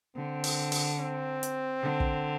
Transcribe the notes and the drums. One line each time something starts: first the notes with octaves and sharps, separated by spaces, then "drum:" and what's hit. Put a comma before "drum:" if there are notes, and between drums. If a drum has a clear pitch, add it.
D3 C4
drum: open hi-hat
drum: open hi-hat
C4
drum: hi-hat
D3
drum: kick